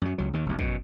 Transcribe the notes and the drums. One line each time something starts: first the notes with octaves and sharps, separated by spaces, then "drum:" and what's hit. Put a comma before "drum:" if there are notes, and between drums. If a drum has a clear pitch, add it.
F#2 F#3
C#2 F#3
D#2 D#3
F1 B1
F#2 B2, drum: kick